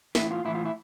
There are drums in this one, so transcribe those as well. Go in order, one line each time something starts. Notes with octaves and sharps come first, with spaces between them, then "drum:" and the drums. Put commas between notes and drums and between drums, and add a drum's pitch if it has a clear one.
A2 E3 E4, drum: snare
F4
A2 E3 E4
F4
E4